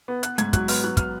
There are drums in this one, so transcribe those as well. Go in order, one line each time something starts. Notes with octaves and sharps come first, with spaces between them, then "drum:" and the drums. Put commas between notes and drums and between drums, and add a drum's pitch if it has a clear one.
B3
B3 F#6, drum: hi-hat
G#2 G#6, drum: hi-hat
F#3 F#6, drum: kick, hi-hat
B3 F6, drum: open hi-hat
F#3 F#6
F6, drum: kick, hi-hat